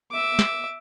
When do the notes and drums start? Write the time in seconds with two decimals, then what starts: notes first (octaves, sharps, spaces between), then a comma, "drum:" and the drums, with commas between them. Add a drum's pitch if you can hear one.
0.11 E5 D6
0.39 drum: snare